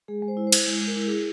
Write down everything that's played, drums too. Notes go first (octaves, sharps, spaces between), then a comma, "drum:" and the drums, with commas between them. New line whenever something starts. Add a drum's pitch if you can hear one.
G#3 G#4
G#3
C5
E4
C5
E4, drum: cymbal
G#3
G#3
A#4
E4
E4 G#4